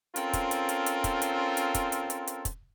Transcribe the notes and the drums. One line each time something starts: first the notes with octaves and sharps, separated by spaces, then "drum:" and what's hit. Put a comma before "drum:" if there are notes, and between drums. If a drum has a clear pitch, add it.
C4 C#4 F4 A4 A#4 C5, drum: hi-hat
drum: kick, hi-hat
drum: hi-hat
drum: hi-hat
drum: hi-hat
drum: kick, hi-hat
drum: hi-hat
drum: hi-hat
drum: kick, hi-hat
drum: hi-hat
drum: hi-hat
drum: hi-hat
drum: kick, hi-hat